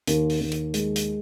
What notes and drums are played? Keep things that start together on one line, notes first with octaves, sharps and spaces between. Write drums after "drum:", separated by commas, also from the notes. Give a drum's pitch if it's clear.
D#2, drum: hi-hat
drum: open hi-hat
D#2
drum: hi-hat
G#3, drum: hi-hat
drum: hi-hat